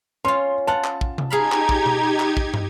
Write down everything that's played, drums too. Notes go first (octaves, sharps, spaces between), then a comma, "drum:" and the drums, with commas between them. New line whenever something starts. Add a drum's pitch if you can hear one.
C#4 F4 C6
F4 F#5 A5
drum: clap
drum: kick
drum: tom C3
D#4 G4 G#4 F5 A#5 B5 G#6
drum: clap
drum: kick
drum: tom B2
drum: clap
drum: kick
drum: tom